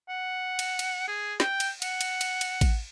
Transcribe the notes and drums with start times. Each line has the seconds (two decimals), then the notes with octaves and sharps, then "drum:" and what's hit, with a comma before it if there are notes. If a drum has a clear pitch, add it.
0.09 F#5
0.59 drum: cymbal
0.79 drum: cymbal
1.08 G#4
1.40 G5, drum: snare
1.60 drum: cymbal
1.82 F#5, drum: cymbal
2.01 drum: cymbal
2.21 drum: cymbal
2.41 drum: cymbal
2.61 drum: kick A1, cymbal